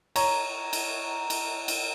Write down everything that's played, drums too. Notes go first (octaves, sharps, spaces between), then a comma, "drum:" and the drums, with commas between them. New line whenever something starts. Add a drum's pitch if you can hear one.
C#5 A#5, drum: cymbal
drum: cymbal
drum: cymbal
drum: cymbal